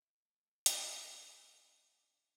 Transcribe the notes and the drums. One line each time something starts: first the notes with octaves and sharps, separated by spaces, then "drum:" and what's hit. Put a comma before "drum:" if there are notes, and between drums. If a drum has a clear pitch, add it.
E5
A3
drum: hi-hat
A4
F3
C#4
A3
D4